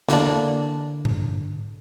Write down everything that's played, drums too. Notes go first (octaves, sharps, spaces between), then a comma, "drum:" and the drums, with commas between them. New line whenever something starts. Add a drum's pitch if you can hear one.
D3 E3 A#3 D4, drum: snare
drum: tom G#2